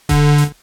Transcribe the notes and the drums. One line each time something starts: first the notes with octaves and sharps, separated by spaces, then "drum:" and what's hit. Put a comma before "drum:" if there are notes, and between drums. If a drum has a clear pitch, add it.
D3, drum: kick E1, hi-hat
drum: hi-hat